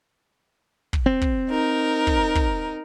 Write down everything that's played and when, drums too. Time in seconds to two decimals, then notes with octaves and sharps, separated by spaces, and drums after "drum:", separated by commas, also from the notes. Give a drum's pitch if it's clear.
0.93 drum: kick
1.06 C4
1.21 drum: kick
1.50 D#4 A#4
2.07 drum: kick
2.35 drum: kick